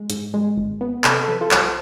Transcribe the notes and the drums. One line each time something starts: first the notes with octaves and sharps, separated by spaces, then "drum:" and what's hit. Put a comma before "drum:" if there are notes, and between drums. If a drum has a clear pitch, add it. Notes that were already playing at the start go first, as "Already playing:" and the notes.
Already playing: G#3
G#2, drum: hi-hat
G#3
G#1
B3
C3 A4, drum: clap
B4
A4
F3 B4
F4 A4
C2 A4 C5, drum: clap